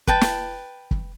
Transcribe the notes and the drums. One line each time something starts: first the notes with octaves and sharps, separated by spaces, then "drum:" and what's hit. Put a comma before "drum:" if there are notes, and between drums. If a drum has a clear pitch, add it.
B4 G5 A5, drum: kick
drum: snare
drum: kick